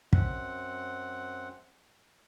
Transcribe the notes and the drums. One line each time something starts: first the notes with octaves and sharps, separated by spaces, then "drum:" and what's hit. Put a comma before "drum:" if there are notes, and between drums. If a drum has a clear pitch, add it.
F#2 C4 F#5, drum: kick